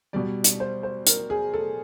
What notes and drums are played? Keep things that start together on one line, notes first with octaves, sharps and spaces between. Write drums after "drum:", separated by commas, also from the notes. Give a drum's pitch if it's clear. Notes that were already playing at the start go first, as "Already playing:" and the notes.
B2 G3 D5
drum: hi-hat
C5
C5
A#4, drum: hi-hat
G#4
A4